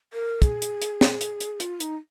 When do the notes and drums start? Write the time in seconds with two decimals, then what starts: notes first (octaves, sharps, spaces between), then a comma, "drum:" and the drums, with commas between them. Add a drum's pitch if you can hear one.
0.13 A#4
0.42 G#4, drum: kick, hi-hat
0.62 drum: hi-hat
0.82 drum: hi-hat
1.01 drum: snare
1.21 drum: hi-hat
1.40 drum: hi-hat
1.60 F4, drum: hi-hat
1.80 D#4, drum: hi-hat